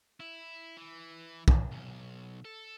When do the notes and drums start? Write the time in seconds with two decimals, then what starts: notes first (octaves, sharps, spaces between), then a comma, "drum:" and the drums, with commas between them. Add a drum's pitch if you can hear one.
0.20 E4
0.77 E3
1.48 drum: kick
1.71 B1
2.45 A4